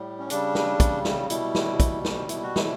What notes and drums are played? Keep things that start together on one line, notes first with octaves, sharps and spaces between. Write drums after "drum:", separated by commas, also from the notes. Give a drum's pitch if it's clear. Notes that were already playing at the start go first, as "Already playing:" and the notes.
Already playing: A2 G3
C#4
C#3 G3 D4, drum: hi-hat
drum: snare
drum: kick, hi-hat
drum: snare
B2 G3 E4, drum: hi-hat
drum: snare
drum: kick, hi-hat
drum: snare
B2 G3 E4, drum: hi-hat
F#4
E4, drum: snare